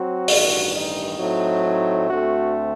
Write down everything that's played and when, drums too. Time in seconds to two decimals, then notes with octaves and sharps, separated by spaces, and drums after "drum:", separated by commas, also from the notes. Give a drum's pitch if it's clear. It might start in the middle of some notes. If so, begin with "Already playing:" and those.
Already playing: F#3 C4 F#4
0.28 A1 G2 D#3, drum: open hi-hat
0.74 D#4
1.19 A2 F#3 A3 C4
1.64 D#4
2.09 D2 D3 A3 C4 F#4